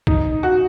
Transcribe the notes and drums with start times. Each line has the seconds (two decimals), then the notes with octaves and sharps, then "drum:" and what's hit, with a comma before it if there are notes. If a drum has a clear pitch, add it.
0.07 D#4, drum: kick
0.43 F#4